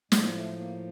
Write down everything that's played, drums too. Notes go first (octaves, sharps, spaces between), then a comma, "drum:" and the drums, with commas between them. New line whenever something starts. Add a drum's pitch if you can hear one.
A2 F3 G#3, drum: snare
A3
A#3